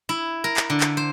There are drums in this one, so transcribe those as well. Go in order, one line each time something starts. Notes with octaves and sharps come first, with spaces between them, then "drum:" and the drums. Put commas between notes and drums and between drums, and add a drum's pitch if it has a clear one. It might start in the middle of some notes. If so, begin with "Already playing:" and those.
E4
A#4
drum: clap
D3
drum: clap
C5